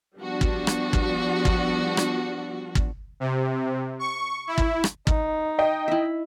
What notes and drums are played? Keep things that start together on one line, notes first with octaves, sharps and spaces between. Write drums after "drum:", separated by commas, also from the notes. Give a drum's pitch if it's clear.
F3 G3 B3 D4 F#4
drum: kick
drum: rim click
drum: kick
drum: kick
drum: rim click
drum: kick
C3
C#6
E4
drum: kick
drum: rim click
D#4, drum: kick
D#5 G5
E4 E5